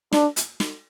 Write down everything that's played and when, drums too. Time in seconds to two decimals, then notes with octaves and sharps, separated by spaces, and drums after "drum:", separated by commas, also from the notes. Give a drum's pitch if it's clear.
0.13 D4, drum: snare
0.36 drum: hi-hat
0.60 drum: snare